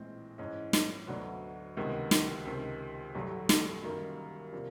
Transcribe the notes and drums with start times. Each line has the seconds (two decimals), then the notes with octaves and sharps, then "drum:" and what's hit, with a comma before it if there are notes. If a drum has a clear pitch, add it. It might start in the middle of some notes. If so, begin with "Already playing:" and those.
Already playing: A#1 A2 E3 G#3 C4
0.38 G#2 E3 G#3 C#4
0.73 drum: snare
1.07 D2 D3 F#3 B3 D4
1.77 C#2 C3 D#3 G#3 B3
2.11 drum: snare
2.45 C#2 C3 D#3
3.15 A1 G2 D3 F#3 A3
3.49 drum: snare
3.83 F#2 D#3 G3 A#3
4.53 C3 F3 A#3 D4